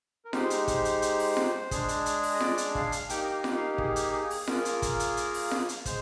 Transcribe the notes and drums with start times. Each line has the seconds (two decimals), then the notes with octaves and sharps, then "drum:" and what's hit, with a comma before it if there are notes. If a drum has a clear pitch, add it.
0.25 A#4
0.33 G#3 D#4 G4 C5, drum: snare F4
0.50 drum: hi-hat
0.68 C5, drum: kick, hi-hat
0.85 drum: hi-hat
1.02 drum: hi-hat
1.19 drum: open hi-hat
1.37 drum: snare F4
1.71 G#3 D4 G#4, drum: kick, hi-hat
1.88 drum: hi-hat
2.06 drum: hi-hat
2.23 drum: open hi-hat
2.34 D#5
2.40 D5, drum: snare F4
2.58 drum: hi-hat
2.75 F5, drum: kick
2.92 drum: hi-hat
3.09 A#3 D#4 G4 G5, drum: hi-hat
3.23 D#5
3.33 F5
3.44 drum: snare F4
3.56 F5
3.78 G#4, drum: kick
3.96 drum: hi-hat
4.13 G#4
4.30 drum: open hi-hat
4.47 A#3 F4 G#4 A#4, drum: snare F4
4.65 drum: hi-hat
4.82 drum: kick, hi-hat
5.00 drum: hi-hat
5.17 drum: hi-hat
5.34 drum: open hi-hat
5.51 drum: snare F4
5.69 drum: hi-hat
5.85 G#3 C5, drum: kick, hi-hat